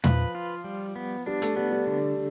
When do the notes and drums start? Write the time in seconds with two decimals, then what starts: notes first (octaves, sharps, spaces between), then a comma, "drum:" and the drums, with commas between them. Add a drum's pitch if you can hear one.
0.04 F3 B4, drum: tom
0.35 F4
0.64 G3
0.96 B3
1.26 G3 D4
1.42 A3, drum: hi-hat
1.56 G3 B3
1.71 G3
1.87 D3